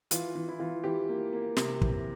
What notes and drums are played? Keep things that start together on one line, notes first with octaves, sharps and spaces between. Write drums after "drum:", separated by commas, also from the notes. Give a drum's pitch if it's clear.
E3 F4, drum: hi-hat
E3
E4
E3 F4
E3 G4
A#3
A#3
C3, drum: snare
E3, drum: kick